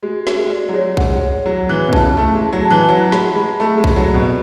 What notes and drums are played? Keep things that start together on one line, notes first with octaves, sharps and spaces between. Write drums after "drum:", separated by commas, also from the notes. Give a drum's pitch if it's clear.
G#3 F#4
F#4, drum: snare
G#3
D5
F#3
G#3 C#5
F#5, drum: kick B1
G#3
C#5
F#3 G#4
E3 G#4
B2
C#3 A5, drum: kick B1
A3 E4
G#3
A5
F#3
A5
E3
F#3 F#5
G#3 B5, drum: snare
G#3 B5
A3 A4
G#3
A4, drum: kick B1
F#3
D5
B2